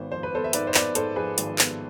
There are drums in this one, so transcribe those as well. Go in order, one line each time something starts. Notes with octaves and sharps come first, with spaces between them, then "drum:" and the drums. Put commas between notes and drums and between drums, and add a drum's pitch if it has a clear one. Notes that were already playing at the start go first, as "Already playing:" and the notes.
Already playing: G#1 B3 C5
F3 C5
B4
B3 A4 C5
E5
G#2 B4 D5, drum: hi-hat
C5
B3 B4 D5, drum: clap
G#2 A4 C5, drum: hi-hat
F3 G#4 B4
G#1, drum: hi-hat
B3, drum: clap